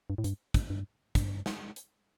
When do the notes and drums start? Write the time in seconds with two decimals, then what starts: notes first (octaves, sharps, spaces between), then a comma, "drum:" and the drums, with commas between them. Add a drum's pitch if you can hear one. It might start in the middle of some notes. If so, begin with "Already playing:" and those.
0.10 G2
0.18 A2
0.24 G2, drum: hi-hat
0.54 G2, drum: kick, hi-hat
0.70 G2
1.15 G2, drum: kick, hi-hat
1.46 drum: snare
1.76 drum: hi-hat